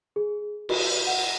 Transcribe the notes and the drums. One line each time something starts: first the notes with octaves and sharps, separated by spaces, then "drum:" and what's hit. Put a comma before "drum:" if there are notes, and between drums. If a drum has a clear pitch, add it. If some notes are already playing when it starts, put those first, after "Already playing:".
G#4
F#4, drum: cymbal
F#5